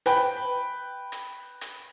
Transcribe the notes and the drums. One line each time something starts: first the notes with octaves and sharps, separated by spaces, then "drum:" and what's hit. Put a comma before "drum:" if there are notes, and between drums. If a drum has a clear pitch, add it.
B4 G5, drum: hi-hat
drum: hi-hat
drum: hi-hat